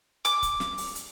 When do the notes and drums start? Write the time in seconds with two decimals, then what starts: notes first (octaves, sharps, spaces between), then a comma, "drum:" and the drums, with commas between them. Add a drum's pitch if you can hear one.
0.25 D6, drum: hi-hat
0.42 drum: kick, hi-hat
0.60 drum: snare
0.78 drum: open hi-hat
0.95 drum: hi-hat